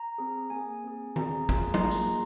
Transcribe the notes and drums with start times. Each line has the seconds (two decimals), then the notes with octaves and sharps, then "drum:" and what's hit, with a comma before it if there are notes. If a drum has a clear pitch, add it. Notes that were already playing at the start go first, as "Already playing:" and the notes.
Already playing: A#5
0.18 C4 G#4
0.50 A#3 G#4 G#5
0.84 C4 G#4
1.16 C4 G#4 A#5, drum: tom D#3
1.49 A#3 F4 G#4, drum: kick
1.74 C6, drum: tom F#3
1.81 A#3 F4 G#4 A#5
1.91 drum: tambourine